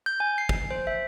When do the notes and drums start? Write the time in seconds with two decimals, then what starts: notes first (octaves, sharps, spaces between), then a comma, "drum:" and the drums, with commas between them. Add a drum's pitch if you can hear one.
0.06 G6
0.20 G#5
0.38 C7
0.49 drum: kick
0.71 C5
0.87 E5